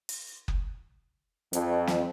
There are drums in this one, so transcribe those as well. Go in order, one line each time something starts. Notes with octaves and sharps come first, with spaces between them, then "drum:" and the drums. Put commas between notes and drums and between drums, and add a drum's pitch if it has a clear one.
drum: open hi-hat
drum: kick F#1
F2, drum: hi-hat
drum: snare